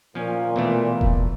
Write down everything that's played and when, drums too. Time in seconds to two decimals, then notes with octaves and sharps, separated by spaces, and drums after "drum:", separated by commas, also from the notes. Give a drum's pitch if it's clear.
0.15 A#2 F3 C#4
0.56 B2 E3 A3
1.01 drum: kick E1